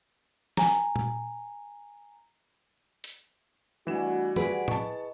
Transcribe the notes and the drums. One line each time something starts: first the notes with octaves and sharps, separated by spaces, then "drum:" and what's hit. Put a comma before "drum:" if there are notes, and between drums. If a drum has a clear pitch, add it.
G#5 A#5, drum: snare
drum: tom A#2
drum: hi-hat
E3 G3 A3 D4 F#4 G#5 E7
G#4 B4 F#5 B6 D7, drum: tom E3
E4 D#5 A5 C#6, drum: tom